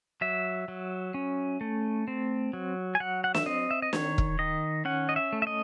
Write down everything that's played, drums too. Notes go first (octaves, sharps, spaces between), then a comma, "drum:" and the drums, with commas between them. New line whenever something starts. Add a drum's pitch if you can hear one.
F#3 E5
F#3
C#4
A3
C4
F#3
G#5
F#3 F#5
F#5
E5, drum: snare
C4 D#5
E5
D#5
D#3 C#5, drum: snare
drum: kick E1
D#3 D#5
C#4 F#5
D#5
E5
A3
E5
D#5